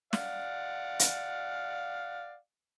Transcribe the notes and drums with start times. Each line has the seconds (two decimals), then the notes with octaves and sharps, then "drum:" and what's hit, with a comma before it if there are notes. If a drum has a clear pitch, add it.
0.13 D5 F5 F#5, drum: snare
0.99 drum: hi-hat